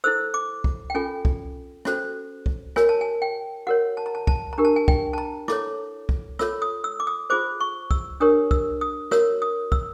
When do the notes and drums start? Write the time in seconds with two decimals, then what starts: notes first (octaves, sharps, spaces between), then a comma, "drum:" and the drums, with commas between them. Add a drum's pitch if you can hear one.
0.04 E4 A4 C5 E6
0.34 D6
0.64 drum: kick
0.90 G5
0.95 C#4 F4 A4 G#5
1.25 drum: kick
1.85 C#4 F#4 A4 C5, drum: rim click
2.46 drum: kick
2.76 F#4 A#4 C#5 G#5, drum: rim click
2.89 A5
3.01 G#5
3.22 G5
3.67 F#4 A#4 C#5 F#5
3.97 A5
4.06 A#5
4.15 A5
4.27 A5, drum: kick
4.53 A#5
4.58 D4 G4 A#4
4.65 A5
4.76 G#5
4.88 G5, drum: kick
5.13 A5
5.18 A#5
5.48 E4 A4 C#5 D6, drum: rim click
6.09 drum: kick
6.39 F4 A4 C#5 E6, drum: rim click
6.62 D#6
6.84 E6
7.00 D6
7.07 D#6
7.30 F4 G#4 C5 D6
7.60 C#6
7.91 E6, drum: kick
8.20 D4 G4 A#4 C#5 D#6
8.51 E6, drum: kick
8.81 D#6
9.11 F#4 A#4 C#5 E6, drum: rim click
9.42 D#6
9.72 E6, drum: kick